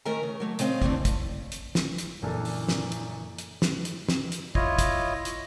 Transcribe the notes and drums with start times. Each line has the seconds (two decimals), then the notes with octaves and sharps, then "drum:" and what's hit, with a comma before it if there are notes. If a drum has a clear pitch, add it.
0.05 D#3 A3 A#4 E5 G#5 A#5
0.23 C#3
0.40 F#3 A3 A#3
0.59 C#3 C4 D#5 F5, drum: hi-hat
0.82 D3 E3 F#3 A3 A#3 C4, drum: kick
1.05 drum: kick, hi-hat
1.52 drum: hi-hat
1.75 drum: snare
1.98 drum: hi-hat
2.22 F#1 F#2 A#2 E3 D4 A4
2.45 drum: open hi-hat
2.68 drum: snare
2.92 drum: hi-hat
3.39 drum: hi-hat
3.62 drum: snare
3.85 drum: hi-hat
4.09 drum: snare
4.32 drum: hi-hat
4.55 E4 F4 C#5 D#5, drum: kick
4.79 drum: kick, hi-hat
5.25 drum: hi-hat